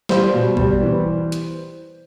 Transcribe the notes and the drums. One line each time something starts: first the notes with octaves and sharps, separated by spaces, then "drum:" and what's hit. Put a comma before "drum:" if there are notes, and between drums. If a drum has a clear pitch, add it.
G3 C5, drum: snare
B2
G3, drum: kick
E3
drum: hi-hat